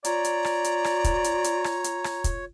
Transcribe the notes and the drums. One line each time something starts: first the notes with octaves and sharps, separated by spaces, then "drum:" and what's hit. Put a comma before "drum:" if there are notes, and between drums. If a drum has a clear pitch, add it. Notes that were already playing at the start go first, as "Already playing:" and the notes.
F4 C#5 D5 A#5, drum: hi-hat
drum: hi-hat
drum: rim click
drum: hi-hat
drum: rim click
drum: kick, hi-hat
drum: hi-hat
drum: hi-hat
drum: rim click
drum: hi-hat
drum: rim click
drum: kick, hi-hat